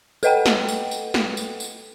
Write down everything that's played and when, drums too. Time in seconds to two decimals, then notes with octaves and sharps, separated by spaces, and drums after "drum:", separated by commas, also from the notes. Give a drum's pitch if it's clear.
0.23 A4 B4 D#5 F#5 G5, drum: tambourine
0.46 drum: snare
0.68 drum: tambourine
0.91 drum: tambourine
1.14 drum: snare
1.37 drum: tambourine
1.60 drum: tambourine